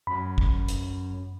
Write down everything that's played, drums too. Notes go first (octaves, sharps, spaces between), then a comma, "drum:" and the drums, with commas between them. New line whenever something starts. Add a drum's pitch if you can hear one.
F#2 B5
drum: kick
drum: hi-hat